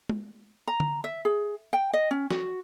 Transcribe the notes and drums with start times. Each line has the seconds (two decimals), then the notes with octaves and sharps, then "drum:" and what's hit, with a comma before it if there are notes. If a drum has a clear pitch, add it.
0.09 drum: tom
0.68 A#5
0.80 drum: tom D3
1.04 E5
1.25 G#4
1.73 G5
1.93 D#5
2.11 C#4
2.31 F#4, drum: snare